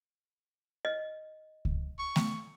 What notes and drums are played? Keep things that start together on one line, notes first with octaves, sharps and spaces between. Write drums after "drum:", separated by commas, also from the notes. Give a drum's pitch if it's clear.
D#5
drum: kick C#2
C#6
drum: snare A3